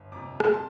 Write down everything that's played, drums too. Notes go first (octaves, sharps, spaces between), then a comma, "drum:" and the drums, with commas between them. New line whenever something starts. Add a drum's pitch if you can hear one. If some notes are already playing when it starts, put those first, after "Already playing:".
Already playing: G1
F2 C3 A#5 D6
drum: rim click
A5 C6